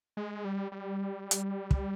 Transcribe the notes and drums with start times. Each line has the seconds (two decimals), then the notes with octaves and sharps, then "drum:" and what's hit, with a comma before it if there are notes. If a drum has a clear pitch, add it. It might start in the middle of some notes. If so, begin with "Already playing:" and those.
0.17 G#3
0.45 G3
0.72 G3
1.31 drum: hi-hat
1.71 drum: kick